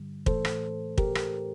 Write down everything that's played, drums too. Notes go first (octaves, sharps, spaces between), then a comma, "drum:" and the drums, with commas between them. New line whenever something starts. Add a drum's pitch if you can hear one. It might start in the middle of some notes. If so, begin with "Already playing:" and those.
Already playing: G2 D3 G3
A2 E3 A3 A4 C5, drum: kick
drum: rim click
G4 A#4, drum: kick
drum: rim click